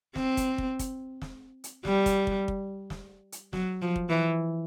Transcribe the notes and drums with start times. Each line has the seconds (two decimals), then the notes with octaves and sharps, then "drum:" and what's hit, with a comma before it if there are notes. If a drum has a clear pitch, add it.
0.16 C4, drum: snare
0.37 drum: kick, hi-hat
0.58 drum: kick
0.79 drum: kick, hi-hat
1.22 drum: snare
1.64 drum: hi-hat
1.85 G3, drum: snare
2.06 drum: kick, hi-hat
2.27 drum: kick
2.48 drum: kick
2.90 drum: snare
3.32 drum: hi-hat
3.53 F#3, drum: snare
3.82 F3
3.96 drum: kick
4.09 E3